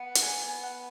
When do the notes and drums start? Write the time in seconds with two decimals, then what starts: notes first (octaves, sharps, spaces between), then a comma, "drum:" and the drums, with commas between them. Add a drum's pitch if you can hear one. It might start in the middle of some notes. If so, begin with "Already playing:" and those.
Already playing: B3 F#5
0.15 F#5, drum: hi-hat
0.23 G#5
0.42 G#5
0.64 F#5